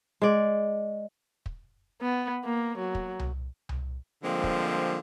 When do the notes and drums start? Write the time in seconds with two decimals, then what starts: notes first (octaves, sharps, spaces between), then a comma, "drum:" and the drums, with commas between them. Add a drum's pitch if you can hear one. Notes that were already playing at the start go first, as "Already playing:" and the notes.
0.22 G#3 D5
1.46 drum: kick
2.02 B3
2.45 A#3
2.78 F#3
2.95 drum: kick
3.19 drum: tom C2
3.69 drum: tom C2
4.24 D3 F3 G3 G#3 A#3 C4
4.44 drum: kick